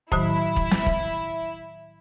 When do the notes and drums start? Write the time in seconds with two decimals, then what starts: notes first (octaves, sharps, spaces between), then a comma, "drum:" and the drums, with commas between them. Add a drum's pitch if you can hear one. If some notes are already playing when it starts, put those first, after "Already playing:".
0.12 A2 D#3 F#3 E4, drum: kick
0.56 drum: kick
0.71 drum: snare
0.86 drum: kick